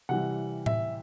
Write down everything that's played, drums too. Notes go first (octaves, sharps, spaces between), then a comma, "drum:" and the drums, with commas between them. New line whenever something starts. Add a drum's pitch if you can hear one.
C3 E3 G3 F#5
E5, drum: tom A2